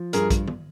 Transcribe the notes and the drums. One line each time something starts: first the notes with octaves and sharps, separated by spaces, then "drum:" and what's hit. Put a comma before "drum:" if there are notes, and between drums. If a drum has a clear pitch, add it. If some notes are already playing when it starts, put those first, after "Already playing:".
Already playing: F3
G2 G#4 A#4, drum: hi-hat
drum: kick A#1, hi-hat
drum: tom